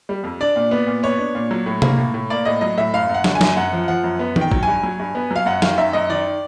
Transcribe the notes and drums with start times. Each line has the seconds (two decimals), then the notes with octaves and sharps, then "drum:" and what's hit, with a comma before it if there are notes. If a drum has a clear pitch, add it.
0.09 G3
0.24 F2
0.41 D4 D5
0.56 A#2
0.71 B3
0.87 A#2
1.03 B3 C#5
1.19 D4
1.35 A#2
1.51 F#3
1.66 A2
1.82 A#3, drum: tom C3
1.98 A2
2.14 A2
2.30 A#3 D5
2.45 A2 D#5
2.61 F#3 D#5
2.77 A2 E5
2.93 F#2 F5
3.09 F#2
3.14 F#5
3.24 D3, drum: snare
3.35 G#5
3.41 F#2, drum: snare
3.57 F#2 F#5
3.73 F3
3.88 F3 F#5
4.03 F#2
4.19 B3
4.36 D#3, drum: tom D#3
4.41 G5
4.52 F#3, drum: kick
4.63 G2 G#5
4.83 F#3
4.99 G2
5.15 B3
5.31 F#3 F5
5.46 F#2 F#5
5.62 D#3 F5, drum: snare
5.78 F#2 E5
5.93 F#2 D#5
6.10 D#3 D5